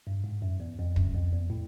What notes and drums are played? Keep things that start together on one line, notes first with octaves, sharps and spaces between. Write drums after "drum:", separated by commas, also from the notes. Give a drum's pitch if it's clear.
G2
G#2
F#2
E2
F2
F#2, drum: kick
F2
E2
A2